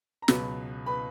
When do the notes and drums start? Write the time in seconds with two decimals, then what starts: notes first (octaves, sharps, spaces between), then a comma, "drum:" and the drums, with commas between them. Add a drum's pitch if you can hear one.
0.22 A#5
0.28 C#2 B2 F#3 B4 B5, drum: snare
0.86 B4 B5